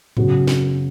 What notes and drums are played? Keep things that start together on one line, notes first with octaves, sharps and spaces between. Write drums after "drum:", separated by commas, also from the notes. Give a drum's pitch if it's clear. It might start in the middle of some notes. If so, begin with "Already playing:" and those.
F#2 C#3 F#3 B3 F#4, drum: tom G#2
drum: snare